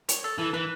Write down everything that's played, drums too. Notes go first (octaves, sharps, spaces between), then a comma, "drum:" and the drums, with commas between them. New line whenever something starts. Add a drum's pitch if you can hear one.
C#5, drum: hi-hat
A4
E3 A4
E3 B4